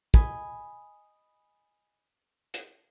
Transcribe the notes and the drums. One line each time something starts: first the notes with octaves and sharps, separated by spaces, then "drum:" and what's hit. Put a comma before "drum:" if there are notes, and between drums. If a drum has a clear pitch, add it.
D#5 G#5 B5, drum: kick
drum: hi-hat